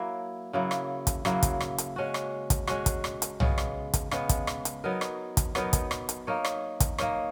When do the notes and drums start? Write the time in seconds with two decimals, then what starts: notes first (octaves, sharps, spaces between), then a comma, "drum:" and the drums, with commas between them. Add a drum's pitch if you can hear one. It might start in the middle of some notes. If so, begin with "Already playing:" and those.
Already playing: F#3 A#3 E4
0.53 C#3 F#3 A#3 E4
0.71 drum: rim click
1.07 drum: kick, hi-hat
1.25 C#3 F#3 A#3 E4, drum: rim click
1.43 drum: kick, hi-hat
1.60 drum: rim click
1.78 drum: hi-hat
1.96 G#3 C#4 F#4
2.14 drum: rim click
2.50 drum: kick, hi-hat
2.67 G#3 C#4 F#4, drum: rim click
2.86 drum: kick, hi-hat
3.04 drum: rim click
3.22 drum: hi-hat
3.40 C#3 G#3 B3, drum: tom
3.58 drum: rim click
3.94 drum: kick, hi-hat
4.11 C#3 G#3 B3, drum: rim click
4.29 drum: kick, hi-hat
4.47 drum: rim click
4.65 drum: hi-hat
4.84 F#3 B3 D#4 A#4
5.01 drum: rim click
5.37 drum: kick, hi-hat
5.55 F#3 B3 D#4 A#4, drum: rim click
5.73 drum: kick, hi-hat
5.91 drum: rim click
6.09 drum: hi-hat
6.27 A#3 D#4 A#4 C#5
6.45 drum: rim click
6.80 drum: kick, hi-hat
6.98 A#3 D#4 A#4 C#5, drum: rim click